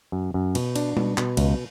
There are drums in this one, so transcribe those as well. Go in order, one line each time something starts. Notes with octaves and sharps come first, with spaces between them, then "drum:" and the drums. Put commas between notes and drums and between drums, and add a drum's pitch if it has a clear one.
F#2
F#2
B2, drum: cymbal
D4, drum: cymbal
B2, drum: tom G3
B2, drum: clap
C#2, drum: cymbal